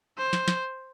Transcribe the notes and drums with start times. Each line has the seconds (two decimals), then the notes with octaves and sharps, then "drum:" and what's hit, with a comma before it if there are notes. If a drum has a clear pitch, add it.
0.18 C5
0.33 drum: snare
0.48 drum: snare